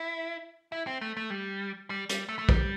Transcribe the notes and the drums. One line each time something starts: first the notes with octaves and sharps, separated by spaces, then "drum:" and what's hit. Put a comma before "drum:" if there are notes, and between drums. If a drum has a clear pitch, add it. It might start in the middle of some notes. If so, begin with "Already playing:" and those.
Already playing: E4
E4
C4
A3
A3
G3
G3
G3, drum: hi-hat
A3
A3
G3, drum: kick